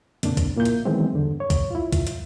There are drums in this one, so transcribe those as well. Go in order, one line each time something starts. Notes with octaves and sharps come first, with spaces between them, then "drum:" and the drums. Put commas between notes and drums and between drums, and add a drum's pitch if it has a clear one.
F2 A#2 C#3 D4, drum: hi-hat
drum: kick C2, hi-hat
A#2 A#3 E4 G6
drum: hi-hat
D#3 E3 F#3 G#3 B3 C4
E2 G2 D3
C#5
drum: kick C2, hi-hat
E4 F4
drum: kick C2, hi-hat
drum: hi-hat